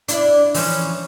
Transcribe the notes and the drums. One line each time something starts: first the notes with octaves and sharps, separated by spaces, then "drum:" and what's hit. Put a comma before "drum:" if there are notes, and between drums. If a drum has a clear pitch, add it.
D4 E4 D5, drum: hi-hat
E3 F3 C#4, drum: open hi-hat